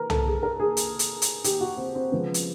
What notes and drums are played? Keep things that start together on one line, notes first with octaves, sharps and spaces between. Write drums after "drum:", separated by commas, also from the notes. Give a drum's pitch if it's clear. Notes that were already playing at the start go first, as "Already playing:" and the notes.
Already playing: E3 A#4 B4
A4, drum: tom C2
G#4
A#4
G#4
drum: hi-hat
drum: hi-hat
drum: hi-hat
G4, drum: hi-hat
F#4
C4
C4
C#3 F3 G#3 B3
drum: hi-hat